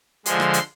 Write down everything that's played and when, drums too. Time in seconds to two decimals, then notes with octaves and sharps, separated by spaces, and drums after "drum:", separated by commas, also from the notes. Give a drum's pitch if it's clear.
0.26 D3 F3 G#3 C6, drum: hi-hat
0.40 drum: rim click
0.54 drum: hi-hat